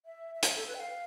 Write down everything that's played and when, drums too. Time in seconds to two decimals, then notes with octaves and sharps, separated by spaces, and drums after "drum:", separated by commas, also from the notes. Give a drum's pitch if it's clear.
0.06 E5
0.35 E5
0.43 F5, drum: hi-hat
0.55 A4
0.67 B4
0.75 G5
0.80 F5